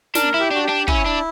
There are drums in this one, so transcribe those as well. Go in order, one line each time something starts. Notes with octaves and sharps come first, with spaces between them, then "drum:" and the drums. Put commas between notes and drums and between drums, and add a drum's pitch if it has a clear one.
D4 A#4, drum: snare
E4
G4
D4 F#4
G4
D4
C#4 E4, drum: kick
D4